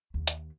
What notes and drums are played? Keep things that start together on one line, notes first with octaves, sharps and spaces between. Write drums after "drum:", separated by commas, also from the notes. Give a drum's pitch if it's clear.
D#2
drum: hi-hat